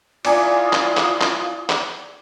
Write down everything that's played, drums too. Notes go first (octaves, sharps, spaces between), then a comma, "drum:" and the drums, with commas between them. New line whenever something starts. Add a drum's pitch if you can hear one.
E4 F4 D5 G#5 D#6, drum: cymbal
drum: clap
drum: clap
drum: clap
drum: clap